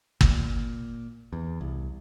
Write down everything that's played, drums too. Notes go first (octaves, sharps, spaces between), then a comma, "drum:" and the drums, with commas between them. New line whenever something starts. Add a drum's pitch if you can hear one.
A#2, drum: kick
E2
C2